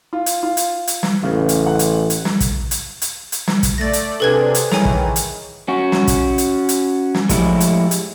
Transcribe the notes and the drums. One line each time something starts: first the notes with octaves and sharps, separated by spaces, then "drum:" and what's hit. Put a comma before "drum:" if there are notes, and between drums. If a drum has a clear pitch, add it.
F4
drum: hi-hat
F4
drum: hi-hat
drum: hi-hat
drum: snare
A1 C#3
drum: hi-hat
F#5
drum: hi-hat
drum: hi-hat
drum: snare
drum: kick, hi-hat
drum: hi-hat
drum: hi-hat
drum: hi-hat
drum: snare
drum: kick, hi-hat
A3 D5 A6 A#6
drum: hi-hat
C3 D4 G#4 A4 B4 G#6
drum: hi-hat
D#3 E3 G#4 C#5 G#5, drum: snare
drum: kick
drum: hi-hat
C#4 F#4
drum: snare
drum: kick, hi-hat
drum: hi-hat
drum: hi-hat
drum: snare
A2 F3 G#3 E4 G4 C#5, drum: kick, hi-hat
drum: hi-hat
drum: hi-hat